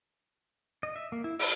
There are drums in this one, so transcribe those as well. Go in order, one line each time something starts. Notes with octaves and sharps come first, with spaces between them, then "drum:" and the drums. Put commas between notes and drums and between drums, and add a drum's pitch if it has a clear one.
D#5
E5
A#3
E4
E6, drum: open hi-hat